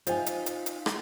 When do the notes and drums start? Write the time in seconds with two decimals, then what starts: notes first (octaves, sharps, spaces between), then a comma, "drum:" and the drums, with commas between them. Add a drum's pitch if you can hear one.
0.07 D#4 F4 C5 G#5, drum: hi-hat
0.26 drum: hi-hat
0.46 drum: hi-hat
0.66 drum: hi-hat
0.86 drum: rim click